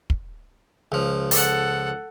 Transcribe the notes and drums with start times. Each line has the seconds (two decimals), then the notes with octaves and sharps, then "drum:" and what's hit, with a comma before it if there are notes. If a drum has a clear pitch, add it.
0.10 drum: kick
0.92 C#2 F3
1.31 A4 F#5, drum: open hi-hat